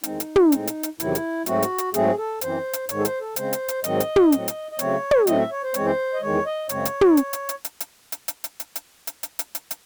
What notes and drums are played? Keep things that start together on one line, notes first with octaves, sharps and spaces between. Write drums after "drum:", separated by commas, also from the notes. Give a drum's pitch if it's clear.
E2 D#3 G#3 C4 D#4, drum: hi-hat
drum: hi-hat
drum: tom
A2 G#3 C4, drum: hi-hat
drum: hi-hat
drum: hi-hat
E2 C3 D#3 F#3 E4, drum: hi-hat
drum: hi-hat
G#2 F#3 A3 C4 F#4, drum: hi-hat
drum: hi-hat
drum: hi-hat
G#2 F#3 A3 C4 G#4, drum: hi-hat
A4
F#2 E3 C4 C5, drum: hi-hat
drum: hi-hat
G#2 D#3 G#3 C#5, drum: hi-hat
A4
C5, drum: hi-hat
A4
C#3 G#3 C4 C5, drum: hi-hat
drum: hi-hat
drum: hi-hat
G#2 D#3 F#3 C4 D#5, drum: hi-hat
drum: hi-hat
drum: tom
A2 F#3 C4, drum: hi-hat
drum: hi-hat
D#5
C#3 F#3 A3 C4 C#5, drum: hi-hat
drum: tom
A2 F#3 A3 C4 D#5, drum: hi-hat
E5
C#5
C5
F#2 E3 G#3 C4 C#5, drum: hi-hat
C5
D#5
E2 D#3 G#3 C#5
D#5
F#2 C#3 G#3 C4 C#5, drum: hi-hat
drum: hi-hat
drum: tom
drum: hi-hat
drum: hi-hat
drum: hi-hat
drum: hi-hat
drum: hi-hat
drum: hi-hat
drum: hi-hat
drum: hi-hat
drum: hi-hat
drum: hi-hat
drum: hi-hat
drum: hi-hat
drum: hi-hat
drum: hi-hat
drum: hi-hat